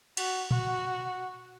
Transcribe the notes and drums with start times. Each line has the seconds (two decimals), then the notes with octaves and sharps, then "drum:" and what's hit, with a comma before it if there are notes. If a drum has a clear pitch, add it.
0.17 F#4, drum: cymbal
0.51 F#4, drum: tom A#2